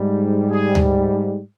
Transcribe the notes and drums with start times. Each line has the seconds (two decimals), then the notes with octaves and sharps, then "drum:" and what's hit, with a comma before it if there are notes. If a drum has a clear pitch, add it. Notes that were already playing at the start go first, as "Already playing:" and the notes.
Already playing: G#2 G3
0.51 G#4
0.75 drum: tom D2